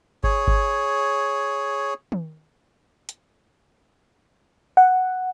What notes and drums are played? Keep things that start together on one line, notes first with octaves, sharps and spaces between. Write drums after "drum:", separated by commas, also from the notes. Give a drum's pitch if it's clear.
G#4 C#5, drum: kick G1
drum: kick G1
drum: tom
drum: hi-hat
F#5